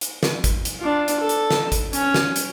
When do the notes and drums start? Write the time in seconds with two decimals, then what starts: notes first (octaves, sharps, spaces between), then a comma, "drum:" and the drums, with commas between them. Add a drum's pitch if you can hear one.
0.01 drum: hi-hat
0.23 drum: snare
0.44 drum: kick G#1, hi-hat
0.65 drum: hi-hat
0.80 D4 F4
1.08 drum: hi-hat
1.19 A4
1.29 drum: hi-hat
1.51 drum: snare
1.72 drum: kick G#1, hi-hat
1.93 C#4, drum: hi-hat
2.14 drum: snare
2.36 drum: hi-hat